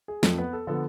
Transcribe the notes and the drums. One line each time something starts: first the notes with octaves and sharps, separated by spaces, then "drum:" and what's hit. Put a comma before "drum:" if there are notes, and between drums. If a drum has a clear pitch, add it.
G#4
F2 F3 A3 A4, drum: snare
B3 B4
A4
D3 F3 B3 A4